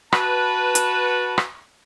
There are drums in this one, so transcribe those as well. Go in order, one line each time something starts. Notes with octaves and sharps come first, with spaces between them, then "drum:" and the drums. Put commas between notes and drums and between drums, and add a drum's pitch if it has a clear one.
F#4 B4 A5, drum: rim click
drum: hi-hat
drum: rim click